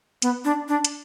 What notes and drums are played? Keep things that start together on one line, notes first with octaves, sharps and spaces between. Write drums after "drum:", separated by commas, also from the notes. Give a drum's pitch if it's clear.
B3, drum: hi-hat
D4
D4
drum: hi-hat